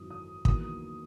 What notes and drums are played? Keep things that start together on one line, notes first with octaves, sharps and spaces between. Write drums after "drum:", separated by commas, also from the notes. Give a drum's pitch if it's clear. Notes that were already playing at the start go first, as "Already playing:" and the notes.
Already playing: G#1 F#2 E3 D#6
D#6
E2 D#3 F#3 A#3 D#6, drum: kick